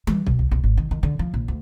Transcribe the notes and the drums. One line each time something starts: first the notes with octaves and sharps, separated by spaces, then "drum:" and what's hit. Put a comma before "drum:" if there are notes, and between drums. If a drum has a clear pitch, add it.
E3, drum: tom G3
B2, drum: kick
C2
B1
G#1
D#3
D#3
D3
F3
A#1
D2